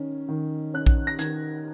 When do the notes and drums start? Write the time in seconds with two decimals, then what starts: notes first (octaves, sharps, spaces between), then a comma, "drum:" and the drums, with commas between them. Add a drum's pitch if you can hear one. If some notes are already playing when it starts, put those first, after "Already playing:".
Already playing: D#3 C#4
0.29 D#3
0.74 C#4 F#6
0.87 drum: kick A#1
1.07 A#6
1.19 D#3 G#6, drum: hi-hat